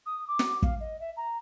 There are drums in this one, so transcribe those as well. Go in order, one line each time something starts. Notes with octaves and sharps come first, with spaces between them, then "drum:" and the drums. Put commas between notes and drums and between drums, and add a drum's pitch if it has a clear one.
D#6
D6
drum: snare
F5, drum: kick
D#5
E5
A#5